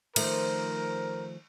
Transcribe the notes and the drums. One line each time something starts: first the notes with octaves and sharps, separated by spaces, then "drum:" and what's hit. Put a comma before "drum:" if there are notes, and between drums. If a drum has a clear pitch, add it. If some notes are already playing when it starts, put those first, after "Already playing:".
D#3 F3 A3 A#4, drum: cymbal